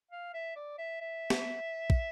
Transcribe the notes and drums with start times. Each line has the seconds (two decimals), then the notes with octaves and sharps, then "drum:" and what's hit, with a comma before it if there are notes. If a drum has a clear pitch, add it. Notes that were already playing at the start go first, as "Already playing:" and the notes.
0.11 F5
0.34 E5
0.56 D5
0.78 E5
1.01 E5
1.30 drum: snare
1.90 drum: kick